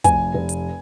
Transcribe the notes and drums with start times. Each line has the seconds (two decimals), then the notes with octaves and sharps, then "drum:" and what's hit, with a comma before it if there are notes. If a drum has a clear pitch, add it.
0.04 F1 G#5, drum: kick, hi-hat
0.34 F1
0.49 drum: hi-hat